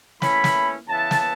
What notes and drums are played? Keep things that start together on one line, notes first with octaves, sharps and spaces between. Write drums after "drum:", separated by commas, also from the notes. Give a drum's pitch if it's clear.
E3 A3 C#4 E4 B5, drum: snare
drum: snare
C#3 E3 B3 E4 A5
drum: snare